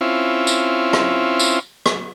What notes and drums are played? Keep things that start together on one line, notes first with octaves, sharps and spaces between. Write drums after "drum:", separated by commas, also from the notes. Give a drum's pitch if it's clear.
C4 C#4 E4 F4
drum: tambourine
drum: rim click
drum: tambourine
drum: rim click